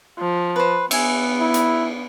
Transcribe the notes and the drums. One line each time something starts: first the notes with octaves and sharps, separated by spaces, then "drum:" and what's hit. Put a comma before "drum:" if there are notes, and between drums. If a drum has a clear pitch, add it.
F3
B4 C5
B3 E5 G#5, drum: cymbal
E4
drum: hi-hat